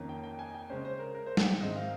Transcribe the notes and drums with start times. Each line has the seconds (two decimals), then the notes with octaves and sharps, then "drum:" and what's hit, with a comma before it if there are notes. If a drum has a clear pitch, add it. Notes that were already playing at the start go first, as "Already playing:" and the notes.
Already playing: F2 D#3 A#3 C#4
0.09 G5
0.23 G5
0.39 G#5
0.54 G5
0.70 C#3 G#3 C#4 C5
0.85 C5
0.99 A#4
1.15 A#4
1.26 C5
1.37 G5, drum: snare
1.60 G#2 D#3 G#3 C4 D#5
1.76 F5